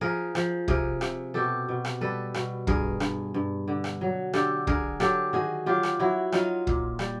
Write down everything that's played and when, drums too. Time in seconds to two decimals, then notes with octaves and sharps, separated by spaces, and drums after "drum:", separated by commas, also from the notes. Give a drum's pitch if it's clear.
0.01 F3 G#4 A#4
0.35 F3, drum: rim click
0.68 C3 G#4 A#4, drum: kick
1.01 C3, drum: rim click
1.34 B2 G4 A4
1.69 B2
1.85 drum: rim click
2.01 G3 A4 B4
2.34 B2, drum: rim click
2.67 G2 G#4 A#4, drum: kick
3.00 G2, drum: rim click
3.34 G2
3.68 D3
3.84 drum: rim click
4.01 F#3
4.33 D3 G4 A4, drum: rim click
4.67 D3 G#4 A#4, drum: kick
5.00 F#3 G4 A4, drum: rim click
5.33 D#3 F#4 G#4
5.66 F#3 F4 G4
5.83 drum: rim click
5.99 F#3 E4 F#4
6.32 F#3 D#4 F4, drum: rim click
6.67 A#2, drum: kick
6.99 G3, drum: rim click